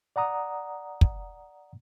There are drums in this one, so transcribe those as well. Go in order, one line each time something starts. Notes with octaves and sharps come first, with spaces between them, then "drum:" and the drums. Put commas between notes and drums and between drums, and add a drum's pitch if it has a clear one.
D5 F#5 A#5 D#6
drum: kick